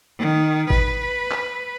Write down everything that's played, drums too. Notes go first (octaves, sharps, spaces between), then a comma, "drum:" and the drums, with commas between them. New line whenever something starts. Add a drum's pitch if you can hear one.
D#3
B4, drum: kick G#1
drum: clap